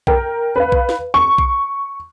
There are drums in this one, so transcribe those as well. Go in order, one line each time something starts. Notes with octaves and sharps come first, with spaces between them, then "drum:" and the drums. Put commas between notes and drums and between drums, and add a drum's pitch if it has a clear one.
A#4 G5, drum: kick B1
B4 F5
drum: kick B1
drum: snare
C#6
drum: kick B1